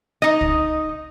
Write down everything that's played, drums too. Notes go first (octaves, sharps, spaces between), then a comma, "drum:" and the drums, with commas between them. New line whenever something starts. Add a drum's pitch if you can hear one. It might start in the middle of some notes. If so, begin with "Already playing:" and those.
D#4 D#5
drum: kick